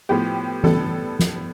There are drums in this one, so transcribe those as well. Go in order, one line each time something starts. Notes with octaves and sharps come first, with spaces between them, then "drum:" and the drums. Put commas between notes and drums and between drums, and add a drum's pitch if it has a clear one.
A2 F3 B3 G4
A2 G3 B3 A4, drum: tom E3
drum: snare